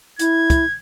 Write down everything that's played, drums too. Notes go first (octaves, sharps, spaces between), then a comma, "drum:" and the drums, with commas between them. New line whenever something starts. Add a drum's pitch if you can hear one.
E4 G#6, drum: hi-hat
drum: kick, hi-hat